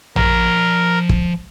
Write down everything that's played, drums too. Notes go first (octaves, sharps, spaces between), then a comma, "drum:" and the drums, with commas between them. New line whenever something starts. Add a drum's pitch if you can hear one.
F3 A#4 A#5, drum: tom
drum: kick